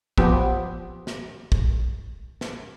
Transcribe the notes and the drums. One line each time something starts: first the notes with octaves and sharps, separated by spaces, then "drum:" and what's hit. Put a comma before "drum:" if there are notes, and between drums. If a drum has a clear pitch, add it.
F3 B3 G4, drum: kick
drum: snare
drum: kick
drum: snare